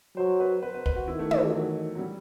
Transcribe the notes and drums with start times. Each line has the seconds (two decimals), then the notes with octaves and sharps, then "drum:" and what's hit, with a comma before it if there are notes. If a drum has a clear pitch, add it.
0.17 F#3 C5
0.40 B4
0.62 B4
0.74 B4
0.86 B4, drum: kick
0.96 F#4
1.07 D#3 E4
1.19 A3
1.31 E3, drum: tom
1.42 E3
1.54 F#3
1.95 F#3
1.99 G3